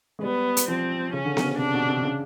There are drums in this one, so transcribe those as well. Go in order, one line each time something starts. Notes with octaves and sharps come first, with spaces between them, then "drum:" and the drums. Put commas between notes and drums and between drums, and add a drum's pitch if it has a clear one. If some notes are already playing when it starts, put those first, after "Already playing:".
G#3
G3 B3
drum: hi-hat
F3 C4
C#3 C#4
D3
C#3, drum: snare B3
C3 D4
B2
C3
C#3